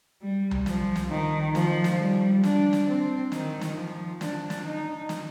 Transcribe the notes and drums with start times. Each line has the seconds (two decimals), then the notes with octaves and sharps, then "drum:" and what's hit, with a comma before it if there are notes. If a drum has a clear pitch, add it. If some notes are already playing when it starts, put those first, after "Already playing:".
0.22 G3
0.51 drum: tom C2
0.66 F3, drum: snare
0.96 drum: snare
1.11 D#3
1.55 F3, drum: snare
1.84 drum: snare
1.99 G3
2.43 D4, drum: snare
2.73 drum: snare
2.87 C4
3.32 D#3, drum: snare
3.61 drum: snare
3.76 F3
4.21 D4, drum: snare
4.50 drum: snare
4.65 D#4
5.09 drum: snare